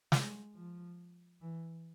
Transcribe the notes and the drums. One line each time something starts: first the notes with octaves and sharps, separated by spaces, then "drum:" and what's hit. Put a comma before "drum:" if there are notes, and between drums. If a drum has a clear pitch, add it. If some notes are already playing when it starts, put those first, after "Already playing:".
G#3, drum: snare
F3
E3